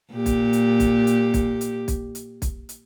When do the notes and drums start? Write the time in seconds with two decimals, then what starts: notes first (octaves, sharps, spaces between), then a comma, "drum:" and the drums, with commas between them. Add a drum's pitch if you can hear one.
0.12 A#2 G4
0.26 drum: kick, hi-hat
0.53 drum: hi-hat
0.80 drum: kick, hi-hat
1.07 drum: hi-hat
1.34 drum: kick, hi-hat
1.61 drum: hi-hat
1.88 drum: kick, hi-hat
2.15 drum: hi-hat
2.42 drum: kick, hi-hat
2.69 drum: hi-hat